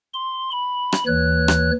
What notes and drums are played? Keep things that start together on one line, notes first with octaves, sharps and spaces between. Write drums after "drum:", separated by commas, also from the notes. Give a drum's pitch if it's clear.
C6
B5
drum: rim click
D#2 E3 C#5 F#6
drum: rim click